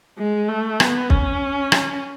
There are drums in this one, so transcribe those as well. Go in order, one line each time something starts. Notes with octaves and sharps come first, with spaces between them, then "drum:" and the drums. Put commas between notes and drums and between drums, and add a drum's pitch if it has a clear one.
G#3
A3
B3, drum: rim click
C#4, drum: kick
drum: rim click